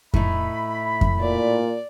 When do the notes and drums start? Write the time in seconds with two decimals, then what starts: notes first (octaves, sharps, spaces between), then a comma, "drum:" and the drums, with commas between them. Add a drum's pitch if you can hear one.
0.14 A2 D#4 E4 E5 B5, drum: kick F2
1.01 drum: kick F2
1.20 A#2 D5